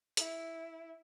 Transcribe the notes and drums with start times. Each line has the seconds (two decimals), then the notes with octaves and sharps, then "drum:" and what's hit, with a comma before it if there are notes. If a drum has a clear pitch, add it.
0.17 E4, drum: hi-hat